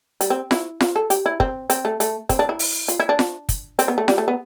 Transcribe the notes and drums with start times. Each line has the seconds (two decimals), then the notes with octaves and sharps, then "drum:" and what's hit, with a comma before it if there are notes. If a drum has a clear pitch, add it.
0.21 G3, drum: hi-hat
0.30 C4
0.51 E4, drum: snare F4
0.81 F4, drum: snare F4
0.96 A4
1.10 G4, drum: hi-hat
1.26 E4
1.40 C4, drum: kick
1.70 C4, drum: hi-hat
1.85 A3
2.00 A3, drum: hi-hat
2.29 C4, drum: kick, hi-hat
2.39 D4
2.49 E4
2.59 drum: open hi-hat
2.88 F4, drum: hi-hat
3.00 E4
3.09 D4
3.19 drum: snare F4
3.49 drum: kick, hi-hat
3.79 C4, drum: hi-hat
3.88 B3
3.98 A3
4.08 G3, drum: snare F4
4.18 A3
4.28 B3